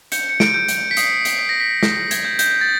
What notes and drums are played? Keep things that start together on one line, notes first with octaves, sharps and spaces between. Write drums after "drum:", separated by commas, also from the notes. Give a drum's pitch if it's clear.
G6 C#7, drum: hi-hat
C#7
D7, drum: snare
G6
drum: hi-hat
B6
D#6 C7, drum: hi-hat
drum: hi-hat
D#6 B6
A#6
B6
D#6 A#6, drum: snare
G#6, drum: hi-hat
G6
G6, drum: hi-hat
A6